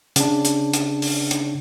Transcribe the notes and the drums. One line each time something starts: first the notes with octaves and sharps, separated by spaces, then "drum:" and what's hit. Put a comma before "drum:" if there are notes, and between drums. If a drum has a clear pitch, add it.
C#3 D4, drum: hi-hat
drum: hi-hat
drum: hi-hat
drum: open hi-hat
drum: hi-hat